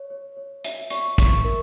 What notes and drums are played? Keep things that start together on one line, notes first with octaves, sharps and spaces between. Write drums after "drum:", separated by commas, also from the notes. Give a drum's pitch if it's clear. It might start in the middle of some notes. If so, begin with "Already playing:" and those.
Already playing: C#5
C#5
C#5
E5, drum: hi-hat
C#6, drum: hi-hat
C#6, drum: kick, hi-hat
A#4